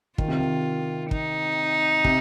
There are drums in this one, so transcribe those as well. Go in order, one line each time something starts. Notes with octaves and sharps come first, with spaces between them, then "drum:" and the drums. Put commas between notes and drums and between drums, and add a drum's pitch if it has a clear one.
D#3 F4, drum: kick
C3
D#3
D#4, drum: kick
C3, drum: kick